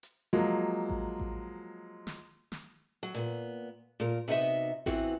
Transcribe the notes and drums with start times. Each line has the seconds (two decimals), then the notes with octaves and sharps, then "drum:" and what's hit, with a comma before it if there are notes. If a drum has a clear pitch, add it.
0.03 drum: hi-hat
0.33 F3 F#3 G#3 A#3
0.89 drum: kick A1
1.20 drum: kick A1
2.07 drum: snare
2.52 drum: snare
3.03 F#3
3.15 A#2 B3
4.00 A#2 A#4
4.28 C3 B3 D#4 F#4 C#5 E5
4.86 E3 B3 C4 F#4, drum: kick A1